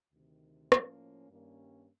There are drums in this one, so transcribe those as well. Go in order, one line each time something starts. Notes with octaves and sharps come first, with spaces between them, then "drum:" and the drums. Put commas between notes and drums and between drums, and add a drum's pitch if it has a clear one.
D2 C3 D#3
A2 F3 A#3 C#4, drum: rim click
G2 D#3 G3 A#3 C#4